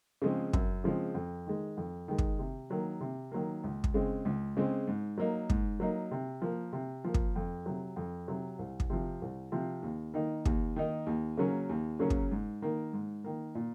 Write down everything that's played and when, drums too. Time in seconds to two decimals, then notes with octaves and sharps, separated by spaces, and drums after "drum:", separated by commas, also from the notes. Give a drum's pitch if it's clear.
0.22 C#3 F3 G#3 C4
0.53 F#2, drum: kick
0.84 C#3 F3 G#3 C4
1.15 F2
1.47 D#3 G#3
1.77 F2
2.08 D#3 G#3
2.18 drum: kick
2.39 C3
2.70 D#3 F#3 A#3
3.01 C3
3.32 D#3 F#3 A#3
3.64 C#2
3.84 drum: kick
3.94 C#3 G#3 C4
4.25 C#2
4.57 C#3 G#3 C4
4.87 G#2
5.18 F#3 A#3 D#4
5.50 G#2, drum: kick
5.80 F#3 A#3 D#4
6.11 C3
6.42 F3 A#3
6.73 C3
7.04 F3 A#3
7.14 drum: kick
7.36 F2
7.66 C3 F#3
7.96 F2
8.28 C3 F#3
8.59 C2
8.80 drum: kick
8.90 C3 F3
9.22 C2
9.52 C3 F3
9.83 D#2
10.14 D#3 A#3 D#4
10.45 D#2, drum: kick
10.76 D#3 A#3 D#4
11.06 D#2
11.37 C#3 F#3 A#3 C#4
11.69 D#2
11.99 C#3 F#3 A#3 C#4
12.10 drum: kick
12.31 G#2
12.62 D#3 A#3
12.93 G#2
13.24 D#3 A#3
13.55 A#2